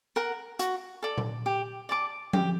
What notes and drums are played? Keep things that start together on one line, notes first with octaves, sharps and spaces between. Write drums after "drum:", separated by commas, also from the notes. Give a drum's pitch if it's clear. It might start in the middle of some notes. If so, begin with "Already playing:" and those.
A#4 F#5 A#5
F#4, drum: hi-hat
A4 D5
drum: tom A#2
G4
D5 A5 D6
G4, drum: tom F3